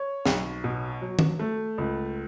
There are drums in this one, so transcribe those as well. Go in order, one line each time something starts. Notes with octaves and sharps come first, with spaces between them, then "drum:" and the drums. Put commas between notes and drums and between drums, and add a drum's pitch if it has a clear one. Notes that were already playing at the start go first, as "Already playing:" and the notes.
Already playing: C#5
B1, drum: snare
B2
F#3
drum: tom
A3
C#2